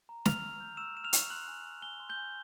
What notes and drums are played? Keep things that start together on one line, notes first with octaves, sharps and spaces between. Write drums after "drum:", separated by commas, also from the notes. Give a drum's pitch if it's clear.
A#5
E6 F6 F7, drum: snare
C#6
G6
C#6 E6 E7
E6 E7
F6 F7
C#6, drum: hi-hat
C6 F#6 F#7
G#5
E6
G#5 G7
C6
G6 G7
G#5